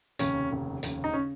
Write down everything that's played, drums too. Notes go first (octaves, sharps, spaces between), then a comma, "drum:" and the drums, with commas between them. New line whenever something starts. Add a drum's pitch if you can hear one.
F1 D#2 C#3 C#4, drum: hi-hat
F1 D#2 C#3
F1 D#2 C#3, drum: hi-hat
D#4
C#3 C#4